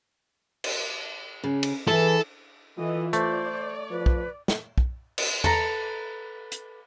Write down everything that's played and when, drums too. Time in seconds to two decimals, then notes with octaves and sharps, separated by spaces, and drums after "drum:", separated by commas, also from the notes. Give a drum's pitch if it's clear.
0.64 drum: cymbal
1.44 C#3
1.63 drum: cymbal
1.88 E3 E4 G#4 A4
2.78 E3 F4 A4 D#5
3.13 A3 C5 D5, drum: hi-hat
3.91 F3 B4
4.06 drum: kick
4.48 drum: snare
4.78 drum: kick
5.18 drum: cymbal
5.44 A4 B4 A#5, drum: tom E2
6.52 drum: hi-hat